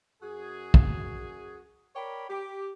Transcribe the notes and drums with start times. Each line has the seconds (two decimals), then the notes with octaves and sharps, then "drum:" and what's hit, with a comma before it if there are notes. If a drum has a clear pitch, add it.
0.22 F#2 F#4 G#4
0.74 drum: kick
1.95 A#4 C#5 D5 G5 B5
2.29 G4